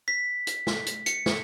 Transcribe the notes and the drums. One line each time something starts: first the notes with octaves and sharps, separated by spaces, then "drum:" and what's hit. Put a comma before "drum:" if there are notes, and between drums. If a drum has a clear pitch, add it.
B6
drum: hi-hat
drum: snare
drum: hi-hat
C#7, drum: hi-hat
drum: snare